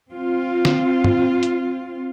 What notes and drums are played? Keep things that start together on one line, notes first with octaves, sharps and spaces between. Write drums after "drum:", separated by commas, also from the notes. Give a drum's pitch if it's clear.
C4 F4
drum: snare D#3
drum: tom
drum: hi-hat